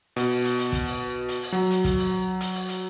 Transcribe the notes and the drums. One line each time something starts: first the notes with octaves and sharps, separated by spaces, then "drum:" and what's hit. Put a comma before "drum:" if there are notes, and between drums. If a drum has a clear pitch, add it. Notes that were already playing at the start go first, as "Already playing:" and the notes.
B2, drum: hi-hat
drum: open hi-hat
drum: hi-hat
drum: hi-hat
drum: kick, hi-hat
drum: open hi-hat
drum: hi-hat
drum: open hi-hat
F#3
drum: hi-hat
drum: kick, hi-hat
drum: open hi-hat
drum: hi-hat
drum: open hi-hat
drum: hi-hat